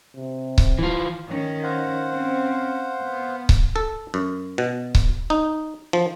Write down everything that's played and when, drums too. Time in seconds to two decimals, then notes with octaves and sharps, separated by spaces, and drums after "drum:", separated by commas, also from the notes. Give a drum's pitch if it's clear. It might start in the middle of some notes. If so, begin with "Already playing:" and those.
0.15 C3
0.58 drum: kick C#1
0.79 E3 F4
1.28 D#3 C#4
1.63 C5 F5 F#5
2.08 C4 C#4
3.02 B3
3.49 drum: kick C#1
3.76 A4
4.14 F#2
4.58 B2
4.95 drum: kick C#1
5.30 D#4
5.93 F3